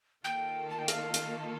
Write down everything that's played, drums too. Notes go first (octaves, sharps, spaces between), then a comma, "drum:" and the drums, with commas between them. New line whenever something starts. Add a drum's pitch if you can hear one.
D#3 A#3 F4 A4 G5
A5
G5
F5, drum: hi-hat
drum: hi-hat